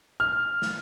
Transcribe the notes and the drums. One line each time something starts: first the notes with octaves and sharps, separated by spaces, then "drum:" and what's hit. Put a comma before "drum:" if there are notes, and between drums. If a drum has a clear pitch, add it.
F6
drum: snare